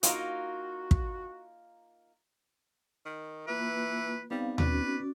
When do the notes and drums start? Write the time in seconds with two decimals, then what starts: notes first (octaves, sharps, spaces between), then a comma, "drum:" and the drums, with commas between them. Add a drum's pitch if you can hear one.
0.03 A#3 D#4 F4 F#4, drum: hi-hat
0.91 drum: kick
3.06 D#3
3.48 E3 A#3 F4 B4
4.31 G3 B3 C4 D#4 F5
4.58 C#4 F#4 B4 D5, drum: tom D#2